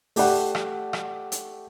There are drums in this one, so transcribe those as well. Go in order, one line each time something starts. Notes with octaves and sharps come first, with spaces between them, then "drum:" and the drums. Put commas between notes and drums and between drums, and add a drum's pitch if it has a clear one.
A3 G4 D5 F#5, drum: open hi-hat
drum: rim click
drum: rim click
drum: hi-hat